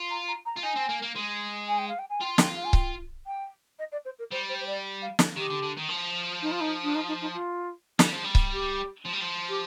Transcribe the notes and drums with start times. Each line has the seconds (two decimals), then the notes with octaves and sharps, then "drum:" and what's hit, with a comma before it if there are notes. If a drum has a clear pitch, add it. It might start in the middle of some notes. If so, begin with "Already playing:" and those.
Already playing: F4
0.10 A#5
0.28 A#5
0.45 A#5
0.56 F4
0.62 D#4 G#5
0.76 C4
0.89 A#3
1.02 A#3
1.15 G#3
1.68 G#5
1.78 G5
1.88 F5
1.98 G5
2.09 G#5
2.21 F4 G5
2.38 G5, drum: snare
2.56 F5
2.64 G#5
2.73 G5, drum: kick C#1
3.26 G5
3.79 D#5
3.92 D5
4.05 C5
4.18 A#4
4.31 G3 C5
4.49 C5
4.60 C5
4.66 D5
5.02 F5
5.19 drum: snare
5.36 D#3 G4
5.50 D3
5.63 D3
5.77 D#3
5.89 F3
6.42 D#4
6.51 F4
6.60 D#4
6.83 D4
6.95 D#4
7.07 D#4
7.21 D#4
7.34 F4
7.99 G3, drum: snare
8.12 F3
8.24 G3
8.35 drum: kick C#1
8.52 G4
9.05 F3
9.13 G3
9.21 F3
9.48 G4